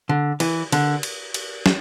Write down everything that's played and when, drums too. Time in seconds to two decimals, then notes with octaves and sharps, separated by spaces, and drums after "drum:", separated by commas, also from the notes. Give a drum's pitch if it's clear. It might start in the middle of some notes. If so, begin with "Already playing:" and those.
0.09 D3
0.40 E3, drum: cymbal
0.72 D3, drum: cymbal
1.03 drum: cymbal
1.34 drum: cymbal
1.66 drum: snare